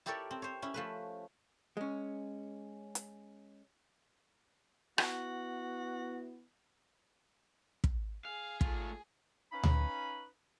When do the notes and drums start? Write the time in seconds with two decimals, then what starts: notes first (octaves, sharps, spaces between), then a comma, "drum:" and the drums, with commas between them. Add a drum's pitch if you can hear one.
0.06 E4 G4 A4 A#4 C#5 D5
0.31 C4
0.42 C5 C#5
0.62 C#4 E4
0.74 F3 A3 B4
1.77 G#3 C#4
2.95 drum: hi-hat
4.98 B3 E4 F#4, drum: rim click
7.84 drum: kick
8.25 G#4 F5
8.61 A3 F4, drum: kick
9.52 C#4 D#4 B4 F5 B5
9.63 drum: tom D2